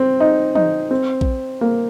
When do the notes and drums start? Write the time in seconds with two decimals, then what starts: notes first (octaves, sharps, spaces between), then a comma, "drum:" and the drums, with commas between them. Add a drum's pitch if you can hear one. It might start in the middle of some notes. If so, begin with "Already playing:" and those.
Already playing: C4
0.20 D#4
0.55 D#4, drum: tom E3
0.91 C4
1.21 drum: kick A#1
1.61 A#3